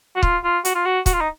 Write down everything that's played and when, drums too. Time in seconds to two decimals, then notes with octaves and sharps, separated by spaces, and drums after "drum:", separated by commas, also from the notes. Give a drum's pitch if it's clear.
0.16 F#4
0.23 F4, drum: kick
0.44 F4
0.65 F#4, drum: hi-hat
0.75 F4
0.86 F#4
1.06 F#4, drum: kick, hi-hat
1.13 F4
1.21 D#4